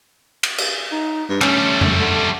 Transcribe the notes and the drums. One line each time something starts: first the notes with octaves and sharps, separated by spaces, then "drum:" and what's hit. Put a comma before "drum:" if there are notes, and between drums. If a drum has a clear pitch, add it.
drum: cymbal
drum: cymbal
D#4
G2
G3 A3 C#4, drum: clap
drum: tom F2
D3